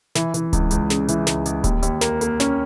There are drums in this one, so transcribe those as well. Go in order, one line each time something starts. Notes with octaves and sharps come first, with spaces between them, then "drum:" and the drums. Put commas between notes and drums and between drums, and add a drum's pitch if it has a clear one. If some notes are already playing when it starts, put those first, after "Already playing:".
E3, drum: snare
E3, drum: hi-hat
C#2, drum: kick D1, hi-hat
C#2, drum: hi-hat
C#3, drum: snare
E3, drum: hi-hat
C#2, drum: snare
C#2, drum: hi-hat
D#2, drum: kick D1, hi-hat
D#2, drum: hi-hat
A#3, drum: snare
A#3, drum: hi-hat
C#4, drum: snare